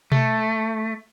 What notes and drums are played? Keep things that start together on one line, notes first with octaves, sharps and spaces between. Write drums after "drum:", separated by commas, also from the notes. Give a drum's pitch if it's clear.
A3, drum: tom B2